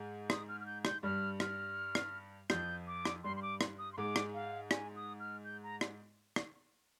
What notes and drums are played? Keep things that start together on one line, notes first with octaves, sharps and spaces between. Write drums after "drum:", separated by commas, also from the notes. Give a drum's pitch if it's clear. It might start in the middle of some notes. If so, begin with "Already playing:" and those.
Already playing: G#2 G#3
D#6, drum: rim click
F6
F6
G6
G6, drum: rim click
G2 G3 F6
F6, drum: rim click
drum: rim click
F2 F3 G6, drum: rim click
D6
drum: rim click
G2 G3 C6
C6
D6
drum: rim click
D#6
C6
G#2 G#3 D6
drum: rim click
F5
G#5, drum: rim click
D#6
F6
G6
A#5
drum: rim click
drum: rim click